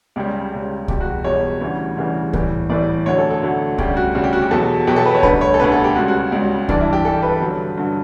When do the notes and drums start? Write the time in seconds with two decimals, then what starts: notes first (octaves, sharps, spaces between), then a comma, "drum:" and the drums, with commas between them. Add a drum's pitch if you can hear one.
0.16 C#2 C#3 G3 G4
0.52 C#2 C#3 G3
0.88 E2 B2 G3 G4, drum: kick C2
1.01 F#4
1.24 E2 B2 G3 C#5
1.61 D2 C#3 E3 G3
1.97 D2 C#3 E3 G3
2.33 A2 E3 G3, drum: kick C2
2.70 A2 E3 G3 D5
3.06 D2 D3 F#3 C#5
3.18 A4
3.31 A4
3.42 D2 D3 F#3
3.78 D2 C#3 G3 G4, drum: kick C2
3.96 F#4
4.15 D2 C#3 G3
4.24 G4
4.33 F#4
4.42 G4
4.51 E2 B2 F#3 A4
4.87 E2 B2 F#3 G4
4.96 A4
5.06 B4
5.14 C#5
5.23 D2 D3 G3 B4, drum: kick C2
5.41 C#5
5.54 A4
5.60 D2 D3 G3 B4
5.72 A4
5.84 G4
5.96 C#2 C#3 G3 F#4
6.08 F#4
6.32 C#2 C#3 G3
6.68 G2 E3 G3 D4, drum: kick C2
6.81 E4
6.93 G4
7.04 G2 E3 G3 A4
7.23 B4
7.41 G2 D3 F#3
7.77 G2 D3 F#3